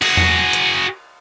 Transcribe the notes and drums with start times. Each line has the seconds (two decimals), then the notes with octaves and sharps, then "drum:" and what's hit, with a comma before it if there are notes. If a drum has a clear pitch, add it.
0.02 F#4 G#4, drum: cymbal
0.17 drum: tom E2
0.53 drum: hi-hat